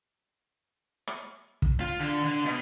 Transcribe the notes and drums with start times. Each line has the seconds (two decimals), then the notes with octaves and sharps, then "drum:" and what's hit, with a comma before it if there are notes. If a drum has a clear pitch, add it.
1.07 drum: rim click
1.62 drum: kick
1.80 F4
2.00 D3
2.24 D3
2.45 B2